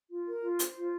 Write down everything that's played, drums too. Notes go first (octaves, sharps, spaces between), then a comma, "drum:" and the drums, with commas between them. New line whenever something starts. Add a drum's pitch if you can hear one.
F4
A#4
F4
C5, drum: hi-hat
F4